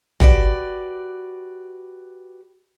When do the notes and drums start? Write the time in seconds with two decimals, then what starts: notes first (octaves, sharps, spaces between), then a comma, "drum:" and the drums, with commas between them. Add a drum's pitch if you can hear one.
0.20 F#4 G4 B4 D5, drum: tom